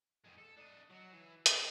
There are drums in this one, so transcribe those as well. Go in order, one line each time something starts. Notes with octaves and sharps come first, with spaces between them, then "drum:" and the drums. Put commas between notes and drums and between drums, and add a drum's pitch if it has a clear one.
F2 G#3
A4
D4 D#5
F#3
E3
G3 D#4, drum: hi-hat